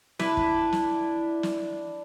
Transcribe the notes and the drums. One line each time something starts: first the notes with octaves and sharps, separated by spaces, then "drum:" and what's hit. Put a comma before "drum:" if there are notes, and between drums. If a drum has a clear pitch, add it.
D4 E4 B4, drum: snare
drum: kick
drum: snare
drum: snare